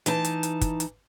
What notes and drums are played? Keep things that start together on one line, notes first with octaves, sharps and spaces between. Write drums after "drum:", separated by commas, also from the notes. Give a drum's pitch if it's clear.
E3 D#4 A5, drum: hi-hat
drum: hi-hat
drum: hi-hat
drum: kick, hi-hat
drum: hi-hat